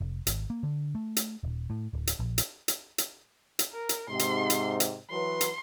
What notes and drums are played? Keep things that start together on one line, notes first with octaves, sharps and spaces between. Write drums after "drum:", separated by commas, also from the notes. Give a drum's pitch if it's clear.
F1
G#1, drum: hi-hat
A#3
D3
A3
drum: hi-hat
D#1
A2
D1
drum: hi-hat
A#1
drum: hi-hat
drum: hi-hat
drum: hi-hat
drum: hi-hat
A#4
drum: hi-hat
G#2 C3 C6
drum: hi-hat
drum: hi-hat
drum: hi-hat
E3 F#3 B4 C6
drum: hi-hat